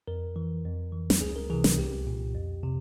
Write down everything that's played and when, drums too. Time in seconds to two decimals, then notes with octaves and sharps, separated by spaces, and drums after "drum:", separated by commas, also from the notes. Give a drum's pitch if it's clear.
0.08 F2 A#4
0.36 E3
0.64 F2
0.92 E3
1.10 drum: snare
1.21 C#2 G#4
1.36 A#4
1.50 C3 E3 G#4
1.64 A#4, drum: snare
1.78 C2 G4
2.07 A#2
2.35 F2
2.63 C3